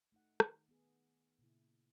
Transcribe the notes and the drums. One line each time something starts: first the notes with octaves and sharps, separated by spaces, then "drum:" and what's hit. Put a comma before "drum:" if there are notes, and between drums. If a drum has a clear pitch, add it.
A3 D#4 F#5
D#3, drum: rim click
B3 G#4
A#2 C#3 E4